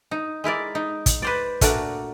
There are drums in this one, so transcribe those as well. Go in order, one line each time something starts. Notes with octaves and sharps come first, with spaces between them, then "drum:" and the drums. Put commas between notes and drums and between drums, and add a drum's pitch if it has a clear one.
D#4
G#3 E4 A#4 D5
D#4
drum: kick, hi-hat
B4 C5 D5
A#2 A3 D4 F#4 A#4 D5, drum: kick, hi-hat